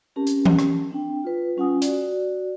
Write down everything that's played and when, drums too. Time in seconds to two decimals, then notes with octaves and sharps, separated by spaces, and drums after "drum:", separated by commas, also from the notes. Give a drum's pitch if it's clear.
0.16 C4 C#4 G4 A#4 A5
0.27 drum: hi-hat
0.46 drum: tom E3
0.59 drum: rim click
0.91 C4 D4 G5
1.24 F4 B4
1.57 G3 C#4 F4 F#5 G#5 D#6
1.82 F#4 D5, drum: hi-hat